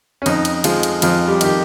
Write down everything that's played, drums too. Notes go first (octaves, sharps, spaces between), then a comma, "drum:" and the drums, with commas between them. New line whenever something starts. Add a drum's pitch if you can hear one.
C#4
F2 D#4, drum: cymbal
drum: cymbal
F3 G#3 F4, drum: cymbal
drum: cymbal
F2 F3 F4, drum: cymbal
G3 G4
D#3 G4, drum: cymbal